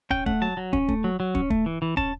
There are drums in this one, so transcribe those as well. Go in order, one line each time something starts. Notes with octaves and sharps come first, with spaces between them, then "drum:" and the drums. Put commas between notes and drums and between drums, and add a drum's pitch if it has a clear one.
C#4 G5, drum: kick
A3 F#5, drum: kick
F#3 A5
F#3
C#4, drum: kick
A3, drum: kick
F#3
F#3
C#4, drum: kick
A3, drum: kick
E3
E3
C#4 A5, drum: kick